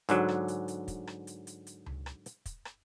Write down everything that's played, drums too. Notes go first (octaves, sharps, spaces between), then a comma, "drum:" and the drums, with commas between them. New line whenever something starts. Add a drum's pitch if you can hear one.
G#2 D3 F#3, drum: hi-hat
drum: rim click
drum: hi-hat
drum: hi-hat
drum: kick, hi-hat
drum: rim click
drum: hi-hat
drum: hi-hat
drum: hi-hat
drum: tom C#2
drum: rim click
drum: hi-hat
drum: kick, hi-hat
drum: rim click